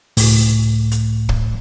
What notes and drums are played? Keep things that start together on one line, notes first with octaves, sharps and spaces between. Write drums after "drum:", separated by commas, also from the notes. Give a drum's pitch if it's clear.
C#2 A2, drum: open hi-hat
drum: hi-hat
drum: kick